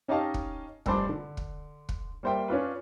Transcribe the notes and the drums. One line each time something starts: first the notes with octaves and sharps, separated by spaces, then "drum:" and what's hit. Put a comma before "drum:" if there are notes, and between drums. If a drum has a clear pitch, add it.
C#4 D#4 G4 D#5 F5 A5
drum: kick
F1 G2 D4 C5 A5 D6, drum: kick
D3
drum: kick
drum: kick
G3 A#3 C5 E5 G5
C#4 D4 F4 B4